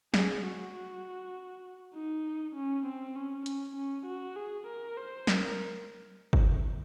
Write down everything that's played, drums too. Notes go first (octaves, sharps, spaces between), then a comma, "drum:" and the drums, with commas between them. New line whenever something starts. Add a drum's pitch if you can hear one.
G#4, drum: snare
F#4
D#4
C#4
C4
C#4
C#4, drum: hi-hat
C#4
F#4
G#4
A#4
C5
A#4, drum: snare
drum: kick